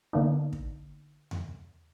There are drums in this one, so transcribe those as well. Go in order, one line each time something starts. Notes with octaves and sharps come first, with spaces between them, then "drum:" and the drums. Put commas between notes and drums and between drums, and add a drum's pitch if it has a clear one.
D3 A#3 B3 D4 D#4
drum: kick
drum: tom E2